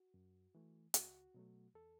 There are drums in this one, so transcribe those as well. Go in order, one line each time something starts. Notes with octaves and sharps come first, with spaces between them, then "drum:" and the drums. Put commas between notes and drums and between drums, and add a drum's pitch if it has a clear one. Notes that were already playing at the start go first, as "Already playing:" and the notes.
Already playing: F#4
F#2
E3 A3
C#2 F#4, drum: hi-hat
B2 F#3 A3
E2 A4